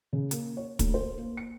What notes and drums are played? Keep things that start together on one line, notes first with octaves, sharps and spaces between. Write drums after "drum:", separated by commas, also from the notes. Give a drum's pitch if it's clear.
C#3
A#3, drum: hi-hat
C#5
D2, drum: kick, hi-hat
C5
A#3
C#7